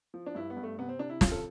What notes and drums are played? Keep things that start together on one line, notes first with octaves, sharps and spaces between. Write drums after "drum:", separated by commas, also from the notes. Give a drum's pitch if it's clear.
F3
D4
G2 E4
B3
G2
A3
C3 B3
C4
C3 D4
E4
F3 F4, drum: snare
A4